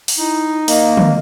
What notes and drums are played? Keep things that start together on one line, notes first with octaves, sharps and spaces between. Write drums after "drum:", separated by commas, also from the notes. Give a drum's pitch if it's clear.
drum: open hi-hat
D#4 E4
A#3 D#5, drum: open hi-hat
drum: tom D3